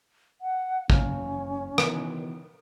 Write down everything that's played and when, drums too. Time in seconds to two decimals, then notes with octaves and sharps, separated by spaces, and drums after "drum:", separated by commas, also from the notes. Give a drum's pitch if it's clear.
0.41 F#5
0.90 F#1 C#4 F5 F6, drum: kick
1.78 B2 D#3 E3, drum: rim click